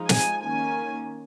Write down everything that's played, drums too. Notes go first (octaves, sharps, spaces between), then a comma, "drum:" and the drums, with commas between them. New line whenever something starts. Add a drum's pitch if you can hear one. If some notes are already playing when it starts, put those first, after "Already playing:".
Already playing: F3 G#3 D#4
G#5, drum: snare
D#3 A#3 C#4 G#5